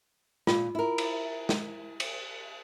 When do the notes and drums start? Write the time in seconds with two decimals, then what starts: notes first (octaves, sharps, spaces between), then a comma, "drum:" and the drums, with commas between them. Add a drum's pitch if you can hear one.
0.47 A#2 F4, drum: snare
0.75 E4 A#4
0.98 drum: cymbal
1.49 drum: snare
2.00 drum: cymbal